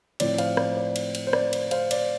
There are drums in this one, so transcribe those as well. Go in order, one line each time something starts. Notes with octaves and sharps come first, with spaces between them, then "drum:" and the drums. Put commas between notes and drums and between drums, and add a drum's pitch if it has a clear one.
A2 F3 C4 D5, drum: cymbal
C5 F5, drum: cymbal
D5, drum: rim click
D5
drum: cymbal
drum: cymbal
C5
D5, drum: rim click
drum: cymbal
C5 F5, drum: cymbal
D5, drum: cymbal